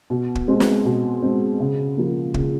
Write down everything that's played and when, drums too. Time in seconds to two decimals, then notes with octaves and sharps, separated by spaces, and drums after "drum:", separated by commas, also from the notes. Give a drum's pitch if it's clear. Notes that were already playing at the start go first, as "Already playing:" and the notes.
0.10 B2
0.35 drum: kick
0.48 G#3 C4
0.60 drum: snare
0.85 B2
1.22 G#3 C4
1.60 C#3
1.97 F3 A#3
2.34 C#3, drum: kick